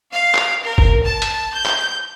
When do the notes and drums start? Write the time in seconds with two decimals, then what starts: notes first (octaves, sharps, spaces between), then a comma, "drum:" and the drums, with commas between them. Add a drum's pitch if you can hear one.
0.12 F5
0.34 drum: clap
0.64 A#4
0.78 drum: kick
1.04 A5
1.22 drum: hi-hat
1.52 G6
1.66 drum: clap